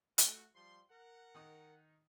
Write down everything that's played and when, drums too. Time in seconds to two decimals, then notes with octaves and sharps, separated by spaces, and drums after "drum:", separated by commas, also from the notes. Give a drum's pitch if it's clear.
0.18 A3 F#4, drum: hi-hat
0.53 F3 G3 C6
0.90 A#4 F#5
1.34 D#3 D#4 D#6